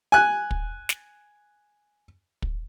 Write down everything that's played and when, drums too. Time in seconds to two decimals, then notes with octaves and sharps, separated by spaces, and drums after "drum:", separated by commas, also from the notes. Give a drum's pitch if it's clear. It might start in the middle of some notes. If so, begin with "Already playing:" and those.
0.12 G#5 F#6
0.51 drum: kick
0.89 drum: snare
2.42 drum: kick